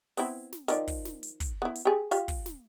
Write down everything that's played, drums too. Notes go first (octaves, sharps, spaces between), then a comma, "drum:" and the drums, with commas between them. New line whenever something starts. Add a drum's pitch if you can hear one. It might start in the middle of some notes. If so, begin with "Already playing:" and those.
B3 C4 E4, drum: open hi-hat
drum: snare
D#3 F3 D5, drum: hi-hat
drum: kick, open hi-hat
drum: snare
drum: hi-hat
drum: kick, hi-hat
B3 E4
drum: hi-hat
G4 G#4
F4 G4 F5, drum: hi-hat
drum: kick, open hi-hat
drum: snare